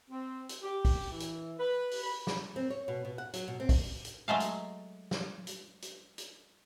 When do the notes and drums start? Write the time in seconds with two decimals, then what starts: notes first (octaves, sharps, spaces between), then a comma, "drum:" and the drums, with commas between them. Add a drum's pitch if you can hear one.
0.10 C4
0.49 drum: hi-hat
0.62 G4
0.85 drum: kick, open hi-hat
1.11 E3
1.20 drum: hi-hat
1.59 B4
1.91 drum: open hi-hat
2.04 B5
2.27 drum: snare
2.56 C4
2.70 C#5
2.88 B2
3.05 B2
3.18 F#5
3.34 F#3, drum: hi-hat
3.48 B2
3.60 C4
3.69 drum: kick, open hi-hat
4.05 drum: hi-hat
4.28 F#3 G#3 A3 F5
4.40 drum: hi-hat
5.11 drum: snare
5.47 drum: hi-hat
5.82 drum: hi-hat
6.18 drum: hi-hat